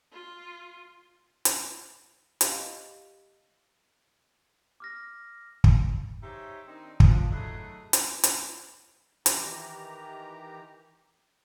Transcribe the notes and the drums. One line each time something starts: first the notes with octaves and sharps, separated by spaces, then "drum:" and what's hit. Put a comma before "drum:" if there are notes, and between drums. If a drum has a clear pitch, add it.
F4
drum: hi-hat
G4 D#5 F5 C#6, drum: hi-hat
D6 F6 A#6
drum: kick
D#4 G4 G#4 C5 C#5 E5
D#3 C4 D4 D#4
F3 D4, drum: kick
F#3 A3 D#4 G#4 A4 B4
drum: hi-hat
drum: hi-hat
D#3 E3 G4 A#5, drum: hi-hat